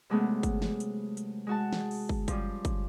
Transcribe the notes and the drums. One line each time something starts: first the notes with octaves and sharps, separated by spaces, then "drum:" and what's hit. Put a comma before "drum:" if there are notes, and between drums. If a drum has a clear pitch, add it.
C3 F#3 G#3 A3 B3 C#4
drum: kick, hi-hat
drum: snare
drum: hi-hat
drum: hi-hat
G#3 F#4 A5
drum: snare
drum: open hi-hat
drum: kick
F3 G3 C#4, drum: kick, hi-hat
drum: kick, hi-hat